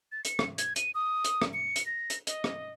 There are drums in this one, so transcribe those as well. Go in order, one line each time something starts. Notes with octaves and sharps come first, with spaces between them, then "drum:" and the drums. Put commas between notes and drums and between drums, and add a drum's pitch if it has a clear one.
A6
C#7, drum: hi-hat
drum: rim click
G#6, drum: hi-hat
D#7, drum: hi-hat
D#6
drum: hi-hat
drum: rim click
C#7
drum: hi-hat
A#6
drum: hi-hat
D#5, drum: hi-hat
drum: rim click